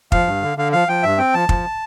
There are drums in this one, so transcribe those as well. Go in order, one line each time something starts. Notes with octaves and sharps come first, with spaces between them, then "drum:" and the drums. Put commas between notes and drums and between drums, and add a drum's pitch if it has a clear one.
F3 F5, drum: kick
G2
D3
D3 F5
F3 F5
F3 G5
G2 E5
C4 G5
F3 A5
F3, drum: kick